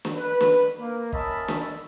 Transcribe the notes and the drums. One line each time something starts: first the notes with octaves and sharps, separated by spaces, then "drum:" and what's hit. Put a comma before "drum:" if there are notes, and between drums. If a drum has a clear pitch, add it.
drum: snare
B4
drum: snare
A#3
C#4 A#4 D#5 E5 A5 B5, drum: kick
drum: snare